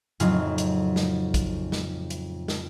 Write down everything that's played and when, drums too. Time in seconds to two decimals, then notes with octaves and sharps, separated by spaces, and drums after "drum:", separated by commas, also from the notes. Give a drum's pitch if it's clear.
0.20 F2 A2 C#3 F#3 D#4 F4, drum: hi-hat
0.58 drum: hi-hat
0.96 drum: snare
1.34 drum: kick, hi-hat
1.72 drum: snare
2.10 drum: hi-hat
2.48 drum: snare